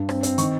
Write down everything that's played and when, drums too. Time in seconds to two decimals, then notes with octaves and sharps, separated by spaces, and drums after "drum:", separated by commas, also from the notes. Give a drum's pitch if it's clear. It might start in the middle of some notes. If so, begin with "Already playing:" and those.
Already playing: G2
0.09 C4, drum: rim click
0.23 C4, drum: hi-hat
0.38 D#3 C#6, drum: hi-hat